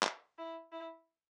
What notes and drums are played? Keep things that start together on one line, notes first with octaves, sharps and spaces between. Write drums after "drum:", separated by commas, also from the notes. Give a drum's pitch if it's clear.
drum: clap
E4
E4